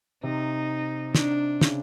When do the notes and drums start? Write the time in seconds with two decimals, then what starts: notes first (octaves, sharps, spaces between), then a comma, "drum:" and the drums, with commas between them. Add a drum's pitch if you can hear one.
0.23 C3 D#4
1.15 D4, drum: snare
1.61 C#3, drum: snare